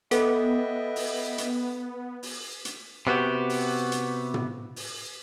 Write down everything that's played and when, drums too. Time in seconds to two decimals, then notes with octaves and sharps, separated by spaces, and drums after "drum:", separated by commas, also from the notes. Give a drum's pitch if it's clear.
0.11 B3 A4 D#5 E5 G5, drum: hi-hat
0.96 drum: open hi-hat
1.38 drum: hi-hat
2.23 drum: open hi-hat
2.65 drum: hi-hat
3.07 C3 B3 F#4 G4
3.49 drum: open hi-hat
3.92 drum: hi-hat
4.34 drum: tom
4.76 drum: open hi-hat